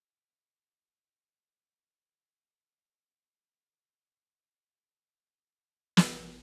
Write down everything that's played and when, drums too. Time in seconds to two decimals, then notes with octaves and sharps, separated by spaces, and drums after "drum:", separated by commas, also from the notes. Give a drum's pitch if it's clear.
0.18 D4
0.54 D4 F4
1.47 G#1 B2 A4 C5 F#5
2.10 C#3 D#4 D5
2.47 A4 C7
3.69 A3 C#4 D#4 C#5 D5
5.97 drum: snare